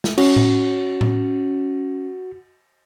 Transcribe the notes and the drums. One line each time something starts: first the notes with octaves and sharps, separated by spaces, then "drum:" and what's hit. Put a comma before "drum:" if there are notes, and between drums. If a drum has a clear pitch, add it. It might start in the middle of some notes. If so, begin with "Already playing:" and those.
drum: snare
C#4 F#4, drum: cymbal
drum: tom A2
drum: tom A2